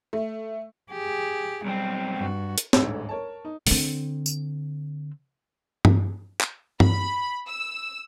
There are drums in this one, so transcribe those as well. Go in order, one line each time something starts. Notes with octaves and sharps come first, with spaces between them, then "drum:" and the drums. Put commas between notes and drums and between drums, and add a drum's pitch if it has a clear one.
A3
G4 G#4
B1 G3 C4
G2 F#4
drum: hi-hat
D#1 A1 D2 G#2 G#4 E6, drum: snare
A#4 C#5 A5
D#4
D3 C4, drum: open hi-hat
drum: tambourine
drum: tom G2
drum: clap
B5, drum: tom G2
E6